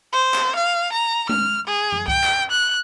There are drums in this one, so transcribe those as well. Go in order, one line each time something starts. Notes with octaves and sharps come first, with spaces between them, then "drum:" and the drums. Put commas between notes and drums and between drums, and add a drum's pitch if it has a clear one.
C5
drum: clap
F5
A#5
F6, drum: tom G#3
G#4
drum: tom F2
G5, drum: kick C2
drum: clap
F#6